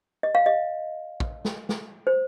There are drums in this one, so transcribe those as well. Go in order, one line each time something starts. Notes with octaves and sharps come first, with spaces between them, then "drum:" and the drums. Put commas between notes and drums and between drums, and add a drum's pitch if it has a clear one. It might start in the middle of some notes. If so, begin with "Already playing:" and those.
D#5
F5
D#5
drum: kick
drum: snare
drum: snare
C5